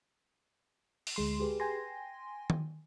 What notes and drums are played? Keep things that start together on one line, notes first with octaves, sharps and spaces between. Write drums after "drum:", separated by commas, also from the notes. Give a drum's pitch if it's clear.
drum: open hi-hat
D2 G#3 C6
G4 G#4 B4
G5 G#5 C6 A#6
drum: tom D#3